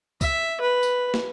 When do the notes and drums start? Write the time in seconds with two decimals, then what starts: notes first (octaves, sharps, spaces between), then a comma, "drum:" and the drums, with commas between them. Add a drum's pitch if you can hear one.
0.21 E5, drum: kick C2, tambourine
0.61 B4
0.83 drum: tambourine
1.14 drum: snare